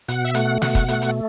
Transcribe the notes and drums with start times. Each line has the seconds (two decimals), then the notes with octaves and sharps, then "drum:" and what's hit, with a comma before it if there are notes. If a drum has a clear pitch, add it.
0.08 B2 F#5, drum: hi-hat
0.25 E5
0.35 A3 F#5, drum: hi-hat
0.62 B2 F#5, drum: snare
0.75 drum: kick, hi-hat
0.88 A3, drum: hi-hat
1.02 drum: hi-hat